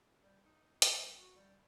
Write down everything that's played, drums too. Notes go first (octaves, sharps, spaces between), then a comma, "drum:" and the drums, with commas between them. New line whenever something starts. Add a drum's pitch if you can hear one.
G3
D#4
drum: hi-hat
C2
F#4
G3